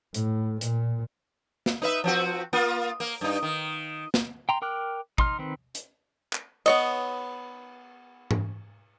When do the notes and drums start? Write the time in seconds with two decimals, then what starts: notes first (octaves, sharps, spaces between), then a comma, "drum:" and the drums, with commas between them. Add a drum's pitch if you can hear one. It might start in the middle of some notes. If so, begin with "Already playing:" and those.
0.14 A2, drum: hi-hat
0.61 A#2, drum: hi-hat
1.66 drum: snare
1.82 D#4 B4 E5
2.04 F3 C4 F#4
2.53 A#3 F4
3.00 A#3, drum: open hi-hat
3.21 G2 D#4
3.43 D#3
4.14 drum: snare
4.49 G5 A#5 C6
4.62 A#4 G5 D6 F6 F#6
5.18 D#4 C6 F6, drum: kick
5.39 D#3 C4 B4
5.75 drum: hi-hat
6.33 drum: clap
6.66 B3 C#5 D#5, drum: cymbal
8.31 drum: tom G#2